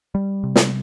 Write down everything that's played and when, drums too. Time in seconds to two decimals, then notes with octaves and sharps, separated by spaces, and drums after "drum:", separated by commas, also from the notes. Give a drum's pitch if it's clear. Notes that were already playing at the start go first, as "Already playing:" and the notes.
0.15 G3
0.43 C3
0.56 drum: snare